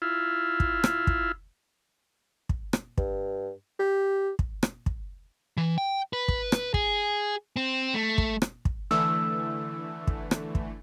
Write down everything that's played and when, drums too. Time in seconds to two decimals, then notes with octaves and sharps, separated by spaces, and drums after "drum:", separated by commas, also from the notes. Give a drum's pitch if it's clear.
0.02 E4 F4
0.60 drum: kick
0.84 drum: rim click
1.07 drum: kick
2.49 drum: kick
2.73 drum: rim click
2.98 G2, drum: kick
3.79 G4
4.39 drum: kick
4.63 drum: rim click
4.86 drum: kick
5.57 E3
5.78 G5
6.13 B4
6.28 drum: kick
6.52 drum: rim click
6.74 G#4, drum: kick
7.56 C4
7.94 A3
8.18 drum: kick
8.42 drum: rim click
8.65 drum: kick
8.91 D3 E3 A3 E6
10.07 drum: kick
10.31 drum: rim click
10.55 drum: kick